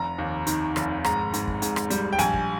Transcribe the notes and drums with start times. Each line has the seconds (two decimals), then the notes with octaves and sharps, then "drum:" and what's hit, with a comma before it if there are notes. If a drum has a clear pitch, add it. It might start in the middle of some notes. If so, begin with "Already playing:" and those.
Already playing: F1 A#5
0.18 D#2
0.47 D#3, drum: hi-hat
0.76 F1, drum: rim click
1.04 G#2 A#5, drum: rim click
1.34 G#2, drum: hi-hat
1.48 drum: kick
1.62 G#2, drum: hi-hat
1.76 drum: rim click
1.90 G3, drum: hi-hat
2.13 G5
2.19 A#1 G#5, drum: hi-hat
2.34 drum: kick